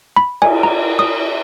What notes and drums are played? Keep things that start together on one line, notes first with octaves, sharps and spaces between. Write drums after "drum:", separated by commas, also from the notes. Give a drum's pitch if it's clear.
B5
G#5, drum: cymbal
A#5
D#6